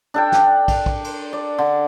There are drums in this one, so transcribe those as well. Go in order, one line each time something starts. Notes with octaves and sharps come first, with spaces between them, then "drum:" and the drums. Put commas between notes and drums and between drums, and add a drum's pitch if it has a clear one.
D4 A4 G5
drum: snare
drum: kick, cymbal
drum: kick
drum: cymbal
D5
D3